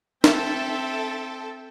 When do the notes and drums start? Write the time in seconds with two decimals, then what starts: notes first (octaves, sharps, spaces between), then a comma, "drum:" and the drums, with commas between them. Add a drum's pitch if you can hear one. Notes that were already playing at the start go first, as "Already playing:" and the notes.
0.24 C4 A4 E5 G5, drum: snare